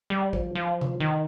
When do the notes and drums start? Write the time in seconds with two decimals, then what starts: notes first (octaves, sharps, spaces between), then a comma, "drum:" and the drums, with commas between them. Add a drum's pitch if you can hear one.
0.10 G3
0.33 F3, drum: kick
0.55 F3
0.81 drum: tom C3
1.00 D#3